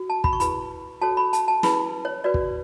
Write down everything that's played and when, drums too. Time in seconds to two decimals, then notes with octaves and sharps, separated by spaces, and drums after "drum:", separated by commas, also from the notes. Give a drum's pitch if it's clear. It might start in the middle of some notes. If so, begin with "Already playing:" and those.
Already playing: F#4
0.10 A5
0.24 B5, drum: kick
0.33 C#6
0.40 E4 G#4 B4 B5, drum: hi-hat
1.01 F#4 A4 C#5 A5
1.17 B5
1.33 A5, drum: hi-hat
1.48 A5
1.63 E4 G#4 B4 B5, drum: snare
2.05 C#5
2.24 F#4 B4 D5
2.34 drum: kick